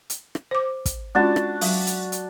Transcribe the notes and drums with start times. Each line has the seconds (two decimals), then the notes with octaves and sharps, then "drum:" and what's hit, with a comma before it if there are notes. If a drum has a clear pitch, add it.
0.10 drum: hi-hat
0.35 drum: rim click
0.51 C5 D6
0.86 drum: kick, hi-hat
1.15 G#3 C#4 D4 F4 F#4 A5
1.36 drum: rim click
1.61 F#3 F5, drum: open hi-hat
1.87 drum: hi-hat
2.12 drum: hi-hat